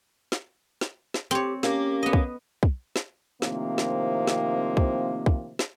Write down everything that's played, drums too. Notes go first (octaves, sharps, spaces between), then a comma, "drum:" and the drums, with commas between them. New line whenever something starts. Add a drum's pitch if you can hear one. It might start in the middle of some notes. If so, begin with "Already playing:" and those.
drum: snare
drum: snare
drum: snare
C4 G4 C#5
A#3 C#4 G4, drum: snare
B3 D#5
drum: kick
drum: kick
drum: snare
A2 C3 D#3 F3 A#3 C4, drum: snare
drum: snare
drum: snare
drum: kick
drum: kick
drum: snare